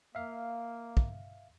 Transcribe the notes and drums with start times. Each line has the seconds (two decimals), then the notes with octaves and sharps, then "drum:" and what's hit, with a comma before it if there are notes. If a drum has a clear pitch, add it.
0.15 A#3 E5 F5
0.97 drum: kick